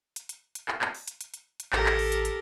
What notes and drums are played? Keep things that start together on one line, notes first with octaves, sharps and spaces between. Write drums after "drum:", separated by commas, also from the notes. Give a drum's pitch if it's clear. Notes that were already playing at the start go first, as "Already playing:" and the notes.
drum: hi-hat
drum: hi-hat
drum: hi-hat
drum: clap
drum: clap
drum: open hi-hat
drum: hi-hat
drum: hi-hat
drum: hi-hat
drum: hi-hat
A1 G4 A4 A#4, drum: clap
drum: clap
drum: open hi-hat
drum: hi-hat
drum: hi-hat